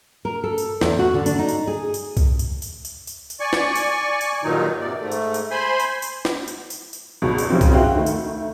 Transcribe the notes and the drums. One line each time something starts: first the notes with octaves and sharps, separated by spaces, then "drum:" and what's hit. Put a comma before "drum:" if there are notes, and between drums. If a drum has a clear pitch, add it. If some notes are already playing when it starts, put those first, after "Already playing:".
A#4
A4
drum: tambourine
E2, drum: snare
F#4
D3
D4, drum: tambourine
D#4
drum: tambourine
G#4
drum: tambourine
drum: kick C2, tambourine
drum: tambourine
drum: tambourine
drum: tambourine
drum: tambourine
drum: tambourine
D5 G#5 C#6
drum: snare
drum: tambourine
drum: tambourine
G2 A#2 D#3 F#3 D#4
C3 D5
G#2 A3
drum: tambourine
drum: tambourine
C5 G#5 B5 C6
drum: tambourine
drum: tambourine
drum: snare
drum: tambourine
drum: tambourine
drum: tambourine
G#1 C#2 B2
drum: tambourine
C#3 F3 C4
drum: kick C2, tambourine
C4 E4 F#4 F5 G5
D2 D#3 A3
drum: tambourine